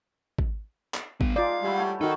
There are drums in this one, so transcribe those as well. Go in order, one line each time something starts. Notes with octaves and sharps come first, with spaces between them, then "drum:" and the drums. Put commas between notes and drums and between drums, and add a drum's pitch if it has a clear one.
drum: kick
drum: clap
G3 B3, drum: kick
G#3 D#4 F4 D5 F5
G3 G#3 E4 F#4
A3 E4 C#5
D#3 D#4 F#4 A4